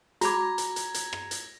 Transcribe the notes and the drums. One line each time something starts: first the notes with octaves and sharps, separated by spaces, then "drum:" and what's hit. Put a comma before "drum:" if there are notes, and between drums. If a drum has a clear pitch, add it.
F#4 A#5 B5 D6 G#6 A#6, drum: hi-hat
drum: hi-hat
drum: hi-hat
drum: hi-hat
drum: rim click
drum: hi-hat